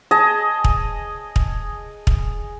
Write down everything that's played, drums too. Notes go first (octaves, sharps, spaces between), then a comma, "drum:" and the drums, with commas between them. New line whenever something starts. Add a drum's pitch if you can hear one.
G#4 D#5 A5
drum: kick
drum: kick
drum: kick